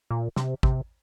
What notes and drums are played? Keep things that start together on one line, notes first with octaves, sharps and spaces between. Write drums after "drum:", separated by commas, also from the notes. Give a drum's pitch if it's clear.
A#2
C3, drum: snare
C3, drum: kick